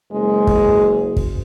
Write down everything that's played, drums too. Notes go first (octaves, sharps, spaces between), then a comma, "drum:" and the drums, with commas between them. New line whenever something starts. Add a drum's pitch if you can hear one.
F#1 G#3
drum: kick
drum: kick